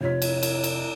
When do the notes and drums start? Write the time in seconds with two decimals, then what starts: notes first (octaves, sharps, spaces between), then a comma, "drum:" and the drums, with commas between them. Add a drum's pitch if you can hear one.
0.01 F1 F4 C#5 B6
0.22 drum: cymbal
0.43 drum: cymbal
0.64 drum: cymbal